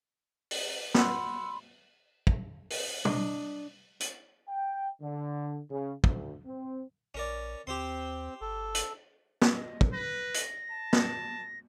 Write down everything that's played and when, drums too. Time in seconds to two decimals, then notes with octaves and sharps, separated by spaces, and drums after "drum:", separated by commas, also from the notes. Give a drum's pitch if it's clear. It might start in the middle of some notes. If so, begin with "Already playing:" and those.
0.51 drum: open hi-hat
0.95 F#5 B5 C6 E6, drum: snare
2.27 drum: kick
2.70 drum: open hi-hat
3.05 D4 D#5, drum: tom
4.00 drum: hi-hat
4.48 G5
5.02 D3
5.70 C#3
6.04 D2, drum: kick
6.45 C4
7.14 A#1 C#4 A#4 D5
7.67 D#2 C4 G4 C5 C6
8.41 G1 A4
8.75 drum: hi-hat
9.42 drum: snare
9.54 D#5
9.81 drum: kick
9.93 B4 A#6
10.34 drum: hi-hat
10.71 A5
10.93 drum: snare